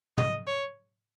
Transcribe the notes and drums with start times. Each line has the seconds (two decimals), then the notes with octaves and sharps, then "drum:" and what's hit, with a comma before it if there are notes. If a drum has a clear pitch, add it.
0.18 D#5, drum: tom
0.47 C#5